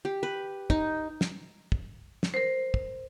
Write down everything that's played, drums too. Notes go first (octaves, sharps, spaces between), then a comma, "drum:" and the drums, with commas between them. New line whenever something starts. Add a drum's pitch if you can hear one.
G4
B4
D#4, drum: kick
drum: snare
drum: kick
drum: snare
A#4 C5
drum: kick